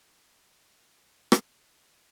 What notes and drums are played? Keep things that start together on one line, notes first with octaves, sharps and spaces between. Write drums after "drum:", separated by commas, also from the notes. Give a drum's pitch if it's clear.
G#5
drum: rim click
A3 B5